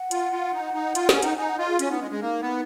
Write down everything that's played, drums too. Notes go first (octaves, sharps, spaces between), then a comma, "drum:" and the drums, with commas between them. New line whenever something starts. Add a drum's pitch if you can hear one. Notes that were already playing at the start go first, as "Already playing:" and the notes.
Already playing: F#5
F4, drum: hi-hat
F4
D#4
D#4
F4, drum: hi-hat
C#4, drum: snare
D#4, drum: hi-hat
D#4 G#5
F#5
F4 D#5
G#4
C#4 F4, drum: hi-hat
B3 D#4
G#3 C#4
G#3 C#4
A#3 D#4
B3